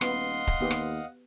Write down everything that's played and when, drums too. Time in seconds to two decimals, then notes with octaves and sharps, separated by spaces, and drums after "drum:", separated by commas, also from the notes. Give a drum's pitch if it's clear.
0.01 D#1 B3 D#5 F5 F#5 C6, drum: rim click
0.47 drum: kick D1
0.61 D#2 B3 G4
0.71 drum: rim click